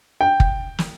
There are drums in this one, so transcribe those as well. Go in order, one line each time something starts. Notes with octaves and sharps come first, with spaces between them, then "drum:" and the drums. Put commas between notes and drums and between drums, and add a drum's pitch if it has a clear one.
G5
drum: kick
drum: snare